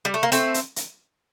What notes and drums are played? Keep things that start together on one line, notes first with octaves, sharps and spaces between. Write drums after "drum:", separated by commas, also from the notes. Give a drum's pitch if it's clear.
G3
A3
A#3
A3 C4, drum: hi-hat
drum: hi-hat
drum: hi-hat